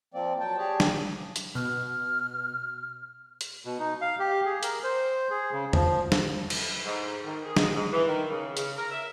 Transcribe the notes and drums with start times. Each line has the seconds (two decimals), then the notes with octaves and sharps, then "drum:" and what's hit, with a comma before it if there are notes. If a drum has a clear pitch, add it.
0.14 F3 A#3 C4 D5
0.40 F#3 G5 A5
0.58 G4 G#4 C#5 D5 A5
0.80 drum: snare
1.36 drum: hi-hat
1.55 B2 F6
3.41 drum: hi-hat
3.65 B2
3.79 D#4
4.01 F5
4.19 G4
4.45 G#4
4.63 A#4, drum: hi-hat
4.83 C5
5.30 G#4
5.52 C#3
5.73 F3, drum: tom
6.12 drum: snare
6.50 drum: cymbal
6.85 G#2
7.25 D#3
7.44 G#4
7.57 G#3, drum: snare
7.75 G#2
7.92 E3
8.07 D#3
8.29 C#3
8.57 C#3, drum: hi-hat
8.76 A#4
8.91 E5